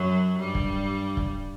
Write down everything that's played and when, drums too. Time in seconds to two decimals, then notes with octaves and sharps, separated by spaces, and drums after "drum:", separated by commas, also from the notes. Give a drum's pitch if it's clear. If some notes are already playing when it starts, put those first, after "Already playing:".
Already playing: F#2 F#3
0.39 G2 G3
0.55 drum: kick
1.17 drum: kick